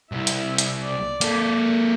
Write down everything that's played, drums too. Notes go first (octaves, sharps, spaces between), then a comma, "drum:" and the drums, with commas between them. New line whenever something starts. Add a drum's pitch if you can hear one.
C2 E4
drum: hi-hat
drum: hi-hat
D5
A#3 A4, drum: hi-hat